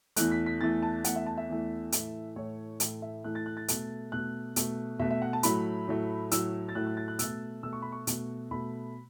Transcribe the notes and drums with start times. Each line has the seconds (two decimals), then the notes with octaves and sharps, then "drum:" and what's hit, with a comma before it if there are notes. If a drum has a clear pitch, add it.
0.16 E2 E3 A3 F#6, drum: hi-hat
0.31 B6
0.46 B6
0.61 E2 E3 A3 A6
0.83 A5
1.04 E2 E3 A3 F#5, drum: hi-hat
1.16 E5
1.26 A5
1.38 E5
1.49 E2 E3 A3
1.92 A2 E3 A3, drum: hi-hat
2.36 A2 E3 A3 C#5
2.80 A2 E3 A3, drum: hi-hat
3.02 E5
3.24 A2 E3 A3 F#6
3.35 A6
3.46 F#6
3.57 A6
3.68 B2 A3, drum: hi-hat
4.12 B2 A3 F#6
4.56 B2 A3, drum: hi-hat
5.00 B2 A3 E5
5.11 E5
5.22 F#5
5.33 A5
5.43 A2 F#3 A3 B5, drum: hi-hat
5.88 A2 F#3 A3
6.31 A2 F#3 A3 E6, drum: hi-hat
6.69 A6
6.75 A2 F#3 A3 F#6
6.87 F#6
6.97 A6
7.08 F#6
7.19 B2 A3 E6, drum: hi-hat
7.63 B2 A3 E6
7.73 C#6
7.82 B5
7.92 C#6
8.07 B2 A3, drum: hi-hat
8.51 B2 A3 B5